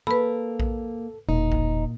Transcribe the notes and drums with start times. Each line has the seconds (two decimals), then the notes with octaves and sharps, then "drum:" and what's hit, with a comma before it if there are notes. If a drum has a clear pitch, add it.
0.07 A#3 A4 B4 B5
0.60 drum: kick A#1
1.29 E1 A#2 A#3 D#4
1.52 drum: kick A#1